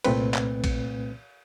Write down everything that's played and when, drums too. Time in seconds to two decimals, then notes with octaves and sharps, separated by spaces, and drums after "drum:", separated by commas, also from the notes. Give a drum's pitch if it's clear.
0.04 C2 A#2 A3 C4 B4, drum: cymbal
0.34 drum: clap
0.64 drum: kick A#1, cymbal